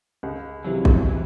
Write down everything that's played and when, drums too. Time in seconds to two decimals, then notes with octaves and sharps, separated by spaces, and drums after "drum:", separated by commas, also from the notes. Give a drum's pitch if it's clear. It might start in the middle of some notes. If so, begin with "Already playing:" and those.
0.23 C#2
0.64 C3 E3 F#3
0.85 drum: kick
1.06 E3